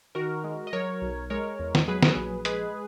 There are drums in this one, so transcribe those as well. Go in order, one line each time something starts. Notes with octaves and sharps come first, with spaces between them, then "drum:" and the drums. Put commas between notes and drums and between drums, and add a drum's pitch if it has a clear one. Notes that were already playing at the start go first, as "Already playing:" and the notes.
D#3 F#4 A#4
G#3
D#5
F#3 A#4 C#5
B1
G#3 A#4 C#5
E2
drum: snare
F#3 G#4 B4
drum: snare
A#1
G#3 G#4 B4, drum: hi-hat